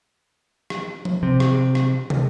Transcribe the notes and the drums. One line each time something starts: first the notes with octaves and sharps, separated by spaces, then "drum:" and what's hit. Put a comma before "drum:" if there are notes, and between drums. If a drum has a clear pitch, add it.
drum: rim click
drum: tom F3
C3
drum: rim click
drum: rim click
drum: tom